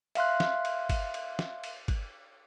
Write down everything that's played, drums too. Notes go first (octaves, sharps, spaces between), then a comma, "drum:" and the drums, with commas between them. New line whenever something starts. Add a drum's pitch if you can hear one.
E5 F5 C6 F#6, drum: cymbal
drum: snare
drum: cymbal
drum: kick, cymbal
drum: cymbal
drum: snare
drum: cymbal
drum: kick, cymbal